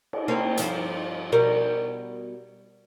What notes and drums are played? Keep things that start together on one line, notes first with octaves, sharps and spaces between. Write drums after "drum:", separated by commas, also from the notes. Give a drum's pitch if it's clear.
drum: cymbal
A#3 C4 C#4
G2 F3, drum: hi-hat
B2 G3 A#4